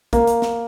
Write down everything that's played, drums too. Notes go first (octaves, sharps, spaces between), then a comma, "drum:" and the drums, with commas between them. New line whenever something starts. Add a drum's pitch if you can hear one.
A#3, drum: kick, hi-hat
drum: hi-hat
drum: snare